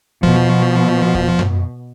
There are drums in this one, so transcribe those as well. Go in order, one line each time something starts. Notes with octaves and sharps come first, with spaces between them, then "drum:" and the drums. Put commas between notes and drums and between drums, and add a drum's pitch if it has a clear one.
B2 F3, drum: kick E2
drum: kick E2
drum: tom F#2